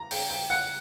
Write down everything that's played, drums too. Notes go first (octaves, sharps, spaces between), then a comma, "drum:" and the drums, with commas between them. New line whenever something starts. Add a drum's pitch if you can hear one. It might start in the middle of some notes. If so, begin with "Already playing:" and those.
Already playing: A#5
G5, drum: open hi-hat
G5
F#5